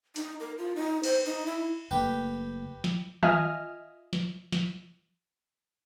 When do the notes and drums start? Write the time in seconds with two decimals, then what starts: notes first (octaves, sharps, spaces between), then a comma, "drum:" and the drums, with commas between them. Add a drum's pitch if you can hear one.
0.16 D#4, drum: hi-hat
0.40 A#4
0.58 F4
0.76 D#4
1.03 C5, drum: cymbal
1.26 D#4
1.46 E4
1.91 F#1 A3 A#3 G4 B4 G5
2.84 drum: snare
3.23 F4 D#5 E5 G#5 F6, drum: tom D#3
4.13 drum: snare
4.52 drum: snare